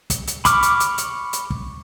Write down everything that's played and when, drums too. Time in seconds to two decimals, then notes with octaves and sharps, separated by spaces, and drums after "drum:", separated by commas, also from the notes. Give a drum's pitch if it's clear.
0.10 drum: kick, hi-hat
0.27 drum: hi-hat
0.45 B5 C#6 D6 F6, drum: kick, hi-hat
0.63 drum: hi-hat
0.80 drum: hi-hat
0.98 drum: hi-hat
1.33 drum: hi-hat
1.50 drum: kick